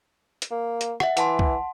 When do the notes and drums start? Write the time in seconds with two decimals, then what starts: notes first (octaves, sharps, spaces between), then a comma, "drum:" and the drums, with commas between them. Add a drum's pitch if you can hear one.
0.42 drum: hi-hat
0.51 A#3
0.81 drum: hi-hat
1.00 E5 F#5, drum: rim click
1.17 E3 F#5 A5 C6, drum: hi-hat
1.39 drum: kick